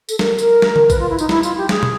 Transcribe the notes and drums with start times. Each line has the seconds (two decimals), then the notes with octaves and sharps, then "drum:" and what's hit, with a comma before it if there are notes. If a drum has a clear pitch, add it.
0.09 A4, drum: tambourine
0.19 A#4, drum: snare
0.38 A#4, drum: tambourine
0.62 drum: snare
0.76 drum: tom D3
0.90 B4, drum: kick A#1, tambourine
0.99 F4
1.09 E4
1.19 D#4, drum: tambourine
1.29 E4, drum: snare
1.43 F4, drum: tambourine
1.57 G4
1.69 G#4, drum: snare
1.83 drum: tom